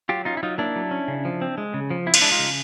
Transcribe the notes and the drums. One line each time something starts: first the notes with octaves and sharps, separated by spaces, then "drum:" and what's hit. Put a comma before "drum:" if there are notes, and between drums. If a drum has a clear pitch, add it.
F#3 F4 G4
C#4 D#4 F4
E4
F#3 D#4 F4
A#3 D4 E4
F#3
C#4
C#3
F3
C4
G#3
C#3
F3
C4 E4
F4, drum: cymbal
G#3 D4 E4
D#4 F4
C#3